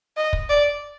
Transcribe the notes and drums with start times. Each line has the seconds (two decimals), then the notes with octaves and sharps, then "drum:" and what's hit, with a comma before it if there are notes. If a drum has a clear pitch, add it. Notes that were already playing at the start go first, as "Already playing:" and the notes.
0.16 D#5
0.33 drum: kick
0.49 D5